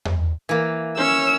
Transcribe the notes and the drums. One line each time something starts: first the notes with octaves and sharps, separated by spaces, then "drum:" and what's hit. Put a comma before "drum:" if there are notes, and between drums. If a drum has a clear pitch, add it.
drum: tom E2
E3 A#3
C#4 C#5 E6